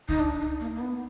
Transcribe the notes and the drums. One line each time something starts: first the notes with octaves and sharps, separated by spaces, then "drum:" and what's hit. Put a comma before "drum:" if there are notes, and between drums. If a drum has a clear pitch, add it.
D#4, drum: kick C#2
D4
D#4
A#3
A#3
B3